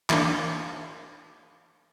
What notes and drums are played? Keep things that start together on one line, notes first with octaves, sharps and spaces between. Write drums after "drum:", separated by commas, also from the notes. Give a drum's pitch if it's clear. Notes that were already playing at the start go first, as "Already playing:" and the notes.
E3 A#3 D4, drum: clap